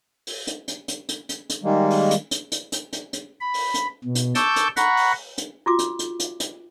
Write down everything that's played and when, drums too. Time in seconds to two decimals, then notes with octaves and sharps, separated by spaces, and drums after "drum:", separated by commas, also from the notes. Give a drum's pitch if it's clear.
0.27 drum: open hi-hat
0.47 drum: hi-hat
0.68 drum: hi-hat
0.88 drum: hi-hat
1.09 drum: hi-hat
1.29 drum: hi-hat
1.50 drum: hi-hat
1.64 D#3 G3 G#3 A#3
1.90 drum: open hi-hat
2.11 drum: hi-hat
2.31 drum: hi-hat
2.52 drum: hi-hat
2.72 drum: hi-hat
2.93 drum: hi-hat
3.13 drum: hi-hat
3.41 B5
3.54 drum: open hi-hat
3.74 drum: hi-hat
4.04 B2
4.15 drum: hi-hat
4.35 A5 C#6 D6 E6 G6, drum: hi-hat
4.56 drum: hi-hat
4.77 F#5 A#5 B5 C#6, drum: hi-hat
4.97 drum: open hi-hat
5.38 drum: hi-hat
5.66 F4 F#4 D6
5.79 drum: hi-hat
5.99 drum: hi-hat
6.20 drum: hi-hat
6.40 drum: hi-hat